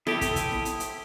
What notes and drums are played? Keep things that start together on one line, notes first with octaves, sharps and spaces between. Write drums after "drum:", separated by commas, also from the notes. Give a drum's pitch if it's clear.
E4 G4 A4 D#6, drum: snare E4
drum: kick, hi-hat
drum: kick, hi-hat
drum: snare E4
drum: hi-hat
drum: hi-hat